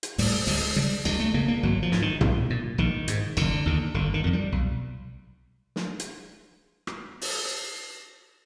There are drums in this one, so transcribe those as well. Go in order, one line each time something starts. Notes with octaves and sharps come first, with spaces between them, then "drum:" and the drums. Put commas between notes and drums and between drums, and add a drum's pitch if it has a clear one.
drum: hi-hat
A2 G3, drum: open hi-hat
D2 G#3, drum: open hi-hat
C#3 G3
D2 G#3, drum: cymbal
A3
C#3 A#3
A#3
G#1 F#3
F3
G#2, drum: snare
D#3
B1, drum: tom
A#2
A#1 D#3
G#2, drum: hi-hat
F1 D3, drum: cymbal
D#2 D3
G1 D3
D#3
F2 D3
G3
B1
drum: snare
drum: hi-hat
drum: rim click
drum: open hi-hat